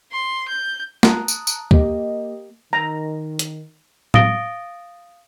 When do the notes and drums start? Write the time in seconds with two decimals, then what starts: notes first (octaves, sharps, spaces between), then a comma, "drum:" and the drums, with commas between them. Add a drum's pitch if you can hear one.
0.11 C6
0.48 G6
1.03 A5 A#5 D#6 F#6, drum: snare
1.28 drum: tambourine
1.47 drum: tambourine
1.71 A#3 G4 D#5, drum: kick
2.73 D#3 A#5
3.39 drum: hi-hat
4.14 F5 D#6 A6 A#6 D7 G7, drum: tom A2